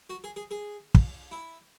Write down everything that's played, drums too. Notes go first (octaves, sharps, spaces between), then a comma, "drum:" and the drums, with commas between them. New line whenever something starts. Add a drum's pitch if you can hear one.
F#4
G#4
G#4
G#4
drum: kick
E4